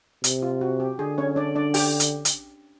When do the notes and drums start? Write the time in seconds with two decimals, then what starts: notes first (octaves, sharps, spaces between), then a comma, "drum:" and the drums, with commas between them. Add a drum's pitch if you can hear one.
0.24 C3, drum: hi-hat
0.42 F4
0.61 F#4
0.80 G4
0.99 D3 G#4
1.18 C#4 C#5
1.36 D4 D5
1.55 D4 D5
1.74 G4 G5, drum: open hi-hat
2.00 drum: hi-hat
2.25 drum: hi-hat